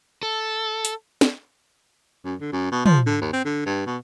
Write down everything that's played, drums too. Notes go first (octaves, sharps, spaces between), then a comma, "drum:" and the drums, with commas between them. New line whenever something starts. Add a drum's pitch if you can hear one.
A4
drum: hi-hat
drum: snare
F#2
D3
F#2
B2
F3, drum: tom
D3
D#2
C4
D3
G2
B2